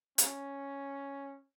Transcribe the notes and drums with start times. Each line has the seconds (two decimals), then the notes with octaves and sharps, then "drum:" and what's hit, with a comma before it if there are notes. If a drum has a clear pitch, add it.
0.18 C#4, drum: hi-hat